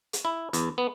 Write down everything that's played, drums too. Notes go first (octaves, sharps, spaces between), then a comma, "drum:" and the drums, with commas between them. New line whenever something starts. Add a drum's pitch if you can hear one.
drum: hi-hat
E4
E2, drum: hi-hat
B3